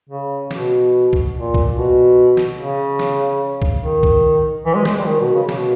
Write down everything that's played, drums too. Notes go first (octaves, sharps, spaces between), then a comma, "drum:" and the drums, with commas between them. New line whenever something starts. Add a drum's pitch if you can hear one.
C#3
B2, drum: snare
drum: kick
A#2
drum: kick
B2
drum: snare
C#3
drum: snare
drum: kick
D#3
drum: kick
E3
G#3
G#3, drum: snare
G3
D#3
B2
C#3
B2, drum: snare